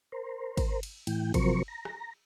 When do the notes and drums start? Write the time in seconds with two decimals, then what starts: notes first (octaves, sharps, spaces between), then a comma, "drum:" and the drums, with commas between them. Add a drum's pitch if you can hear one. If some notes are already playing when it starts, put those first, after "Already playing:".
0.12 A#4 C5
0.57 drum: kick, cymbal
0.83 drum: cymbal
1.07 A2 E3 G5, drum: cymbal
1.34 C3 F3 F#3 A#4 C5 C#6, drum: kick, cymbal
1.68 A#5
1.85 drum: rim click